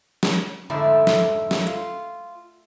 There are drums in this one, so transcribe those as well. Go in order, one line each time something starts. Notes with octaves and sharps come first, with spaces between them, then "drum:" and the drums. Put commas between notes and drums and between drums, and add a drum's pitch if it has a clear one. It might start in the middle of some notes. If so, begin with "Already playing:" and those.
drum: snare
F2 G#2 D3 A3 D4 E4
drum: snare
drum: snare
F4, drum: hi-hat